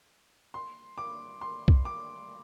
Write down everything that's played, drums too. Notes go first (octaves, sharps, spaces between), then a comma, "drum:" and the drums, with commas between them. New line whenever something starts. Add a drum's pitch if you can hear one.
C6
D6
C6
drum: kick B1
D6